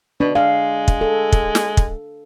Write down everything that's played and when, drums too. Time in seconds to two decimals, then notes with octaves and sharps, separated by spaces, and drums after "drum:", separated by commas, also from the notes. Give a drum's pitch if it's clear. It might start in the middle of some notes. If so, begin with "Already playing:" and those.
0.20 B2 D4
0.35 G#3 F5
0.88 drum: kick
1.01 A4
1.32 drum: kick
1.55 drum: snare
1.77 drum: kick